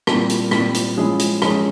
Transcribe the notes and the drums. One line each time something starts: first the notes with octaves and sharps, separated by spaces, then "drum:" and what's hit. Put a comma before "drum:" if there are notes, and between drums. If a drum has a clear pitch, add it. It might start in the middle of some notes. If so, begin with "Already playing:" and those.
A#2 G3 C4 E4, drum: rim click
drum: hi-hat
A#2 G3 C4 E4, drum: rim click
drum: hi-hat
F3 G#3 C#4 E4 G#4
drum: hi-hat
F3 G#3 C#4 E4 G#4, drum: rim click